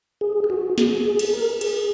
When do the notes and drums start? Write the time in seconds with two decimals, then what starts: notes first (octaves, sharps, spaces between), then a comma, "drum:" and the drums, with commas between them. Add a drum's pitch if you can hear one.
0.21 G#4
0.44 G#4
0.50 F#4
0.78 G#4, drum: snare
1.05 G#4
1.19 drum: cymbal
1.33 A#4
1.61 G#4, drum: cymbal